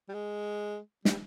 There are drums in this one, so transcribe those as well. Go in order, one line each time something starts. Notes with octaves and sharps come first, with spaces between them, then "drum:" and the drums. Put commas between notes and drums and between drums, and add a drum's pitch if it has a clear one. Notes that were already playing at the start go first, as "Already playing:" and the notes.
G3
G#3
G3, drum: snare